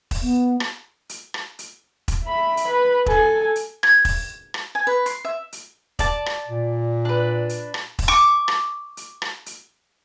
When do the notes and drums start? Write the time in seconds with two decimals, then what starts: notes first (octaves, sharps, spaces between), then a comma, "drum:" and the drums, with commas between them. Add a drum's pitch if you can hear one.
0.11 drum: kick E1, open hi-hat
0.22 B3
0.60 drum: rim click
1.09 drum: hi-hat
1.34 drum: rim click
1.59 drum: hi-hat
2.08 drum: kick E1, hi-hat
2.24 E5 B5
2.57 drum: hi-hat
2.67 B4
3.06 A4 G#5, drum: kick E1
3.56 drum: hi-hat
3.83 G#6, drum: rim click
4.05 drum: kick E1, open hi-hat
4.54 drum: rim click
4.75 G#5
4.87 B4
5.06 C6, drum: hi-hat
5.25 E5
5.52 drum: hi-hat
5.99 D5 A5, drum: kick E1, hi-hat
6.26 drum: rim click
6.47 A#2
7.05 D4 B4
7.49 drum: hi-hat
7.74 drum: rim click
7.99 drum: kick E1, open hi-hat
8.08 C#6 D6
8.48 drum: rim click
8.97 drum: hi-hat
9.22 drum: rim click
9.46 drum: hi-hat